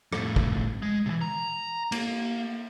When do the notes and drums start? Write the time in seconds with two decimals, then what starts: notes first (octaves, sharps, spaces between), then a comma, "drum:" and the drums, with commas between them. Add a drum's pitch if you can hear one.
0.12 F2 A2, drum: rim click
0.36 drum: kick
0.82 G#3
1.06 C3 E3
1.22 A#5
1.92 A#3, drum: cymbal